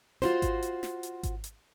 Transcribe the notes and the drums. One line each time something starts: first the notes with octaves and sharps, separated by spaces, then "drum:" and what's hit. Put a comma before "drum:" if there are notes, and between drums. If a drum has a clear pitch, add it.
F4 F#4 C5, drum: snare
drum: kick G#1, hi-hat
drum: hi-hat
drum: snare
drum: hi-hat
drum: kick G#1, hi-hat
drum: hi-hat